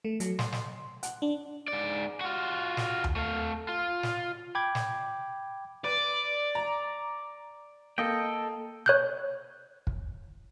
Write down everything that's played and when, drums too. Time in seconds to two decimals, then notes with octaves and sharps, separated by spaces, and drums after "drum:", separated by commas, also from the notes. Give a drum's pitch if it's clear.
0.05 A3
0.20 F#3, drum: hi-hat
0.39 C6, drum: snare
0.52 drum: snare
1.03 F#5, drum: hi-hat
1.22 D4
1.68 G#2 D5
2.21 F4 F#4
2.77 drum: snare
3.04 drum: tom D#2
3.16 A3 F5
3.69 F4
4.03 drum: snare
4.55 G5 B5 D6 G#6
4.75 drum: snare
5.84 B4 D5
6.55 A#5
7.98 A#3 A4 D#5 G5
8.86 C#5 F#6 G6
9.87 drum: kick